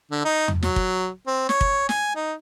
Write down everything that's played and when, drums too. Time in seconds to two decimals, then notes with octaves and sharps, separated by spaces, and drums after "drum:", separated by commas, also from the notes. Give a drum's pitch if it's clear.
0.11 D3
0.25 D#4
0.48 drum: tom E2
0.63 F#3, drum: snare
0.76 drum: kick
1.27 C4
1.49 C#5, drum: snare
1.61 drum: kick
1.89 G#5, drum: snare
2.15 D#4